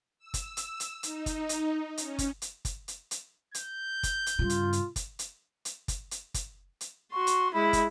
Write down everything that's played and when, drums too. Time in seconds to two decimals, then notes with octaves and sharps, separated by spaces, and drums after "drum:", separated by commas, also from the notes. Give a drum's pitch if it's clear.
0.19 E6
0.34 drum: kick, hi-hat
0.57 drum: hi-hat
0.80 drum: hi-hat
1.03 D#4, drum: hi-hat
1.26 drum: kick, hi-hat
1.49 drum: hi-hat
1.98 C#4, drum: hi-hat
2.19 drum: kick, hi-hat
2.42 drum: hi-hat
2.65 drum: kick, hi-hat
2.88 drum: hi-hat
3.11 drum: hi-hat
3.54 G6, drum: hi-hat
4.03 drum: kick, hi-hat
4.26 drum: hi-hat
4.39 G2 C#3 F4
4.50 drum: hi-hat
4.73 drum: hi-hat
4.96 drum: kick, hi-hat
5.19 drum: hi-hat
5.65 drum: hi-hat
5.88 drum: kick, hi-hat
6.11 drum: hi-hat
6.34 drum: kick, hi-hat
6.81 drum: hi-hat
7.13 F#4 C6 C#6
7.27 drum: hi-hat
7.54 G#3 E4 B5
7.73 drum: kick, hi-hat